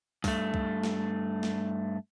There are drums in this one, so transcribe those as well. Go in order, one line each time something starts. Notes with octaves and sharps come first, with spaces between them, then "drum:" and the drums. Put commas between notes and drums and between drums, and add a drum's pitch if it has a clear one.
G2 A3, drum: kick C2, open hi-hat
drum: kick C2
drum: snare
drum: snare